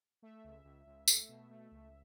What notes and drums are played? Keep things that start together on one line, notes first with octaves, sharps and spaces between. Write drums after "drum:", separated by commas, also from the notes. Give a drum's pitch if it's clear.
A3 E5
C#2
C#2
C#2
A3, drum: tambourine
B2
A3
C#2